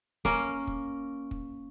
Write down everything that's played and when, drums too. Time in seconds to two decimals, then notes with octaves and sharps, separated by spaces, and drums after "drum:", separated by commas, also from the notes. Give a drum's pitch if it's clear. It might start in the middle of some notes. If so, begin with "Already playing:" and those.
0.25 A#3 C#4, drum: kick
0.67 drum: kick
1.31 drum: kick